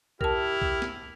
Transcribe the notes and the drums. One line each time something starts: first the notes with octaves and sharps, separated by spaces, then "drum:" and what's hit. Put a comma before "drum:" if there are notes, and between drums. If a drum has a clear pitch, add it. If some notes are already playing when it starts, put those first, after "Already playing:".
E4 G4 A#4 A5 F6, drum: kick
drum: kick
drum: snare